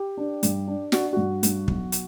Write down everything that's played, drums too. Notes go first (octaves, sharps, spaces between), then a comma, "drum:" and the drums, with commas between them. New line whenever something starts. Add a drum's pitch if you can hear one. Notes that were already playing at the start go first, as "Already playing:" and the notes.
Already playing: G4
D4
G2, drum: hi-hat
D4
D4 F#4, drum: snare
G2 F#4
G2, drum: hi-hat
B1, drum: kick
drum: hi-hat